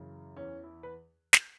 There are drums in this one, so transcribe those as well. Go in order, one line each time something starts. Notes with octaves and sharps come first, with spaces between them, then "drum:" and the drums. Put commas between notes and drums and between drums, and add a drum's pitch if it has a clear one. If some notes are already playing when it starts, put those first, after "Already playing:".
Already playing: F#2 C#3 E3
E2 E3 C#4
E4
B4
drum: snare